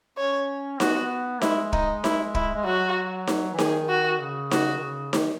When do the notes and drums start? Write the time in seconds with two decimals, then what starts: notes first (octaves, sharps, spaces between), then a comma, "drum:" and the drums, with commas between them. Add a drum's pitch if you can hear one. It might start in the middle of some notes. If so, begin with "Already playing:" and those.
0.18 C#4 C#5
0.80 B3 F#4, drum: snare D#4
1.42 G#3 E4, drum: snare D#4
1.73 D#4, drum: kick
2.04 E4, drum: snare D#4
2.35 E4, drum: kick
2.55 G#3
2.65 F#3 F#4
3.27 drum: snare D#4
3.54 E3
3.59 D#3 G#4, drum: snare D#4
3.89 F#4
4.20 C#3
4.51 F#4, drum: snare D#4
4.78 D#3
4.82 C#3
5.13 D#3, drum: snare D#4